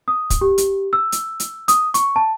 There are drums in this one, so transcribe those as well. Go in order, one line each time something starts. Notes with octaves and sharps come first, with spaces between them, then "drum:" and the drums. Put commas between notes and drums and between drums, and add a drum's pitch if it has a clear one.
D#6
drum: kick, hi-hat
G4
drum: hi-hat
E6
drum: hi-hat
drum: hi-hat
D#6, drum: hi-hat
C#6, drum: hi-hat
A5